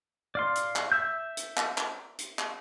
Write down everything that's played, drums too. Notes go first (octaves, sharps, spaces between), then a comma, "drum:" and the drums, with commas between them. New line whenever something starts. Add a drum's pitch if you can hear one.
D5 F5 C6
drum: hi-hat
drum: clap
E5 E6 G6
drum: hi-hat
drum: clap
drum: clap
drum: hi-hat
drum: clap